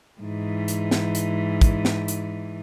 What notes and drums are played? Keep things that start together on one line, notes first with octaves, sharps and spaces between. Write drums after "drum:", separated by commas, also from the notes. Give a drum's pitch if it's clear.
G#2 E3
drum: hi-hat
drum: snare
drum: hi-hat
drum: kick, hi-hat
drum: snare
drum: hi-hat